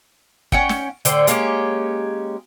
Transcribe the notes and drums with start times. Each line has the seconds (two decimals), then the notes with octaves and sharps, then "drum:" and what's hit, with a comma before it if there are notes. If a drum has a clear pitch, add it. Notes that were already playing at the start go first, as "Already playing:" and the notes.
0.52 C#4 F#5 G5, drum: kick
0.69 drum: snare
1.05 A2 D3 C5 G5, drum: hi-hat
1.27 G#3 A#3 C#4 G4, drum: hi-hat